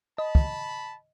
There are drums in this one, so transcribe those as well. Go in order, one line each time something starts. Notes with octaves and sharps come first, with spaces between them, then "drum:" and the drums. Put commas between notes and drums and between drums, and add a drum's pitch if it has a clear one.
D#5 A5 B5
drum: kick